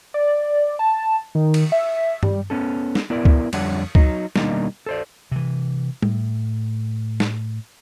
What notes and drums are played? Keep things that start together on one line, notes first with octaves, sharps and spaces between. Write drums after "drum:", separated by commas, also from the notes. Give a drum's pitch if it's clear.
D5
A5
D#3
drum: cymbal
E5
G3, drum: tom G2
B3 C#4 A4
drum: snare
B3 E4 A#4 D5
drum: kick C#2
F2 D3 G3 D4 C#5 F#5, drum: cymbal
F#3 D#4, drum: kick C#2
B2 D#3 G3 A#3 D4 D#4, drum: snare
A4 C5 D5
C3 E3
A2, drum: tom G3
drum: snare